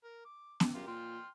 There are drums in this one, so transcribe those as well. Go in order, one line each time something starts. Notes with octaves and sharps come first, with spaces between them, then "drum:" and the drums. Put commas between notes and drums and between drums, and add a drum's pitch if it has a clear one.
A#4
D6
drum: snare B3
F#2 F4 G4 A#4
A#2 G5 C6 F6